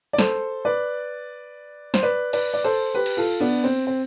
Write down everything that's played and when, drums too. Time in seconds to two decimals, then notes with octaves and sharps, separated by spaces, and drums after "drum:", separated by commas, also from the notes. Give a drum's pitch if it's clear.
0.13 D5
0.18 A4 C5, drum: snare
0.65 B4 D5
1.94 C5, drum: snare
2.03 B4 D5
2.33 B4 D5, drum: cymbal
2.54 D5
2.64 A4 C5
2.95 G4 B4
3.06 drum: cymbal
3.17 F4 A4
3.40 B3 D4
3.64 C4
3.87 C4